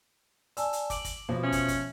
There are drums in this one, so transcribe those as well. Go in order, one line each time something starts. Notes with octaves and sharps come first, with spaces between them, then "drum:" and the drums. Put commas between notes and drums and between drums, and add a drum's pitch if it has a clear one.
D5 G#5 A5 E6, drum: hi-hat
drum: hi-hat
D6 D7 F#7, drum: kick, hi-hat
drum: kick, hi-hat
B2 F3
C#4 E5 F#7
drum: kick, hi-hat
drum: kick, hi-hat